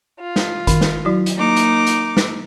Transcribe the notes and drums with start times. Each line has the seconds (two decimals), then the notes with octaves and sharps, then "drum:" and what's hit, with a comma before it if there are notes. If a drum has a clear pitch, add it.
0.21 F4
0.36 drum: snare
0.67 D#3, drum: kick G#1, hi-hat
0.81 drum: snare
1.05 F#3 E4 F#4
1.26 drum: hi-hat
1.37 A#3 D#4 D6
1.56 drum: hi-hat
1.87 drum: hi-hat
2.17 drum: snare